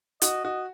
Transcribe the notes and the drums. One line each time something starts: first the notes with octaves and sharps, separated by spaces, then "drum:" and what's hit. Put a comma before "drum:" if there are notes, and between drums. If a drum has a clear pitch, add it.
F#4 D#5, drum: hi-hat
F#4 D#5